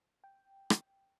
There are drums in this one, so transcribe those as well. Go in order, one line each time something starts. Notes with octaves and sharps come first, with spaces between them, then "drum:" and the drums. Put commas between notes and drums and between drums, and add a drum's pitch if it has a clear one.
G5
drum: rim click